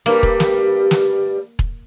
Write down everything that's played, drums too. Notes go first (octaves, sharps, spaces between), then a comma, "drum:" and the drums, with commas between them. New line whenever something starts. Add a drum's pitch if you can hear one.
G2 G3 A#3
drum: kick E1
drum: snare
drum: snare
drum: kick E1